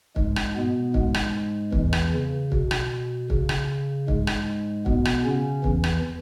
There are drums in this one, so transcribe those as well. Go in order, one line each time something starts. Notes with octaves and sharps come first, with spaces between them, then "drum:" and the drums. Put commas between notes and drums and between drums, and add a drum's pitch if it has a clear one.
G#2 G#3, drum: kick
drum: rim click
B2 B3
G#2 G#3, drum: kick
drum: rim click
E2 E3, drum: kick
drum: rim click
C#3
B2, drum: kick
drum: rim click
C#3, drum: kick
drum: rim click
G#2 G#3, drum: kick
drum: rim click
B2 B3, drum: kick
drum: rim click
C#3 C#4
E2 E3, drum: kick
drum: rim click